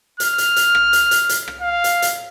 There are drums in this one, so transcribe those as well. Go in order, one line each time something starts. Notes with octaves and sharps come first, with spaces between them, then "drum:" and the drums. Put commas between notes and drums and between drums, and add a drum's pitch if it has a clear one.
F6, drum: hi-hat
drum: hi-hat
drum: hi-hat
drum: rim click
drum: hi-hat
drum: hi-hat
drum: hi-hat
drum: rim click
F5
drum: hi-hat
drum: hi-hat